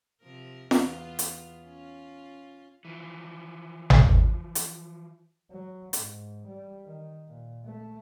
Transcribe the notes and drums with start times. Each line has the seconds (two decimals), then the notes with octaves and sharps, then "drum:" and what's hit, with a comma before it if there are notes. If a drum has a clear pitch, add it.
0.22 C3 F3 A#4
0.71 E2 B3 F4, drum: snare F4
1.19 drum: hi-hat
1.64 C#4 F4
2.85 E3 F3
3.90 drum: tom G#1
4.55 drum: hi-hat
5.51 F#3
5.93 G#2, drum: hi-hat
6.47 G3
6.85 D#3
7.28 A#2
7.65 A3